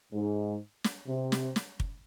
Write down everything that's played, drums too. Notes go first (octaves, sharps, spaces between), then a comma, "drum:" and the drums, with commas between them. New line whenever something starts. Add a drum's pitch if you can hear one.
G#2
drum: snare
C3
drum: snare
drum: snare
drum: kick